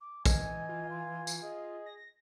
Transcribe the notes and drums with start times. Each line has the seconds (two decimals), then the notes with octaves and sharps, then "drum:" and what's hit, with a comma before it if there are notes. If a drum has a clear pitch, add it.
0.01 D6
0.26 E3 D#5 G#5, drum: kick, tambourine
0.69 F4
0.90 C6
1.27 drum: tambourine
1.42 G#4 D#5
1.86 A#6